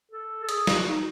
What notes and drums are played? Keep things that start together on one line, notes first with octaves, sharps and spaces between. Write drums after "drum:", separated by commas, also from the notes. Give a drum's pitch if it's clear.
A4
A4
G#4, drum: hi-hat
F#4, drum: snare
D#4